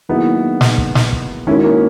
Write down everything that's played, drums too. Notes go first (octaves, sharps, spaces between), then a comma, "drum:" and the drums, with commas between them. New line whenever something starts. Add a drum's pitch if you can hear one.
D#3 F#3 A#3 B3 D#4 E4 G#4
drum: snare
drum: kick
drum: snare
drum: kick
D#3 G#3 C#4 D#4 E4 F#4 A#4
A#3 C#4